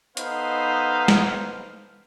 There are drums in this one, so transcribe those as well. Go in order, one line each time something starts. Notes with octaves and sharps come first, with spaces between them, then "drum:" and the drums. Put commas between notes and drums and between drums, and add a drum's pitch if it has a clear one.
B3 D#4 A4 B4 C5 F5, drum: hi-hat
drum: snare